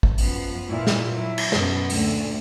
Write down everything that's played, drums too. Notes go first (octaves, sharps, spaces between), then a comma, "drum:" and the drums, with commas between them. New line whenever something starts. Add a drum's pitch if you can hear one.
drum: kick
F#2 F3 B3, drum: open hi-hat
A#2 E3 E4
drum: snare
F#3 E4
drum: cymbal
F#2 B2 B3, drum: snare
D2 A#2, drum: open hi-hat